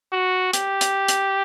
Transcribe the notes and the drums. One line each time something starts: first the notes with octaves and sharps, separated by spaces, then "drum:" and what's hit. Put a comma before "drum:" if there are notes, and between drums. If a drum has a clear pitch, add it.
F#4
G4, drum: hi-hat
drum: hi-hat
drum: hi-hat